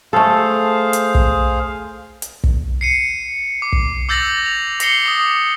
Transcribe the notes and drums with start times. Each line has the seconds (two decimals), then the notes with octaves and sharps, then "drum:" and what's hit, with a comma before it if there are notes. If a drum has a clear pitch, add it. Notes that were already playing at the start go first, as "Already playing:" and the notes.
0.13 A3 G#4 A4 C5 F5
0.93 drum: hi-hat
1.15 drum: kick
2.22 drum: hi-hat
2.44 drum: kick
2.81 C7 C#7 D#7
3.62 D6
3.73 drum: kick
4.09 D6 E6 G6 A6 A#6 F#7
4.46 F7
4.80 D6 A#6 C7 C#7 G7, drum: hi-hat
5.06 D6 D#6